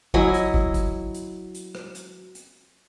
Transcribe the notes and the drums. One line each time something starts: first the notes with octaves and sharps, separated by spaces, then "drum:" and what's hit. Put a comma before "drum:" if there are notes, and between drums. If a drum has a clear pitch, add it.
F#3 E4 D#5 G#5, drum: kick
drum: hi-hat
drum: kick
drum: kick, hi-hat
drum: hi-hat
drum: hi-hat
drum: rim click
drum: hi-hat
drum: hi-hat